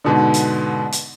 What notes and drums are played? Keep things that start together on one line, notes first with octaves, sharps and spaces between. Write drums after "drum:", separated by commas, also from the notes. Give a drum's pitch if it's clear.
G#2 B2 D3
drum: hi-hat
drum: hi-hat